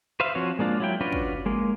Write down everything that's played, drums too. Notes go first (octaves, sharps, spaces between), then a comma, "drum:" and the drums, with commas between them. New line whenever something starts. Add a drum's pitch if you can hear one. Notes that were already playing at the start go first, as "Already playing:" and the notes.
B4 C5 E5 F5
F3 C4 F#4 C#5
G#3 A#3 D4 F4
F#3 E4 G5
C#4 D4 F4 F#4 B4
drum: kick
G#3 A#3